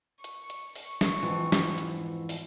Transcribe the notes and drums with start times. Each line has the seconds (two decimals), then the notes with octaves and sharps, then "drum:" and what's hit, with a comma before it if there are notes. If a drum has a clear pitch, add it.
0.24 C#6, drum: hi-hat
0.50 drum: hi-hat
0.75 drum: open hi-hat
1.01 drum: snare
1.23 F2 G#2 E3
1.52 drum: snare
1.78 drum: hi-hat
2.29 drum: open hi-hat